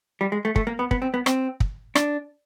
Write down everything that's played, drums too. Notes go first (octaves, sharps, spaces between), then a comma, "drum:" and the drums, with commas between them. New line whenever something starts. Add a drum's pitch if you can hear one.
G3
G#3
A3
A3, drum: kick
A#3
B3
B3, drum: kick
C4
B3
C4, drum: rim click
drum: kick
D4, drum: rim click